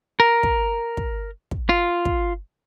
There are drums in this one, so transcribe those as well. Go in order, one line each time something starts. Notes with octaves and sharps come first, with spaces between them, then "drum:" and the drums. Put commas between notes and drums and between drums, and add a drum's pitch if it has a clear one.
A#4
drum: kick
drum: kick
drum: kick
F4
drum: kick